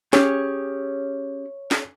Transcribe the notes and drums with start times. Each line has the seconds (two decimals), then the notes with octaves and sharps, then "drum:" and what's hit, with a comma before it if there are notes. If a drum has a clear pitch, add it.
0.13 C#4 G4 G#4 C#5, drum: snare
1.71 drum: snare